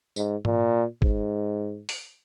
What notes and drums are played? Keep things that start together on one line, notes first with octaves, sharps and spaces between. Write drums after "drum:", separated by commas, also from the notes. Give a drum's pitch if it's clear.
G#2, drum: tambourine
A#2, drum: tom G#2
G#2, drum: kick
drum: open hi-hat